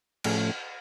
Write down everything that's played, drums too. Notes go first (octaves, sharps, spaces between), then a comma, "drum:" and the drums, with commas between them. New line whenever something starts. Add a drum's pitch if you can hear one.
A2 F3 A3 C#4 G#4, drum: cymbal